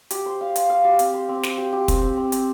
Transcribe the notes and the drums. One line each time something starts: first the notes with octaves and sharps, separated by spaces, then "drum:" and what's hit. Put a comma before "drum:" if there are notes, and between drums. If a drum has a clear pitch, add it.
G4, drum: hi-hat
C5
F5
F5, drum: hi-hat
F5
G4
C4, drum: hi-hat
C5
C4
C5, drum: snare
G4
G4
C4, drum: kick, hi-hat
C4
C4
C4, drum: hi-hat